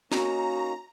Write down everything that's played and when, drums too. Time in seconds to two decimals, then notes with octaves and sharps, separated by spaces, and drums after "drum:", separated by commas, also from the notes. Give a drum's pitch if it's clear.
0.12 A#3 C#4 D#4 F#4 A#5, drum: snare